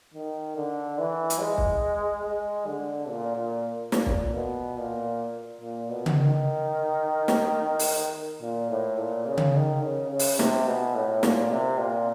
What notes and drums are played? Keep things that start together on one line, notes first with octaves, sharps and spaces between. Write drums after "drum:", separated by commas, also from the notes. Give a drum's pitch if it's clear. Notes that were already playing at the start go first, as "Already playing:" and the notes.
D#3
D3
E3
drum: hi-hat
G#3
drum: kick
G#3
D3
A#2
A#2
A#2, drum: snare
drum: kick
B2
A#2
A#2
B2
drum: tom C#3
D#3
drum: snare
drum: open hi-hat
A#2
A2
A#2
C#3
drum: tom C#3
D#3
C#3
C#3
drum: open hi-hat
C3, drum: snare
B2
A2
A#2, drum: snare
C3
A#2